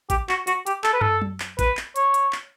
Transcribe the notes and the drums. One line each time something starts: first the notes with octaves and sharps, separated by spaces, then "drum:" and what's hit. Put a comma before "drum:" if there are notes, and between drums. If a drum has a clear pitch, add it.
G4, drum: kick, hi-hat
F#4, drum: clap
F#4, drum: hi-hat
G4, drum: hi-hat
A4, drum: clap
B4
A4, drum: tom
drum: tom F#3
drum: clap
B4, drum: kick, hi-hat
drum: clap
C#5, drum: hi-hat
drum: hi-hat
drum: clap